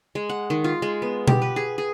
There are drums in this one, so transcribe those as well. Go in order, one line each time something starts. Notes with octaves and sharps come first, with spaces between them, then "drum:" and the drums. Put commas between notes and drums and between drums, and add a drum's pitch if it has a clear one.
G#3
F#5
D#3
F4
G#3
B3
G4, drum: tom B2
B4
G#4
G#4